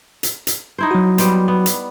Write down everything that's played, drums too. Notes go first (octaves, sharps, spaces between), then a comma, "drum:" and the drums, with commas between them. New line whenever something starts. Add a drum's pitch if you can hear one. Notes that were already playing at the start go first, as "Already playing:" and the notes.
drum: hi-hat
drum: hi-hat
D#4 E4 C5
F#3 F#4
G3 B3 C5, drum: hi-hat
B3
drum: hi-hat